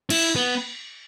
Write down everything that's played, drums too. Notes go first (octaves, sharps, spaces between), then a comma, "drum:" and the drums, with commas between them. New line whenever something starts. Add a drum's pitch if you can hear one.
E4, drum: cymbal
B3